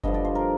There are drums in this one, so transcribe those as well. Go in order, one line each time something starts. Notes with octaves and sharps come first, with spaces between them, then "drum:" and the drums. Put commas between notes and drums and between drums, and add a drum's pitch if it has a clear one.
G2 D3 F3 D#5, drum: kick F#1
D5
C5
A#4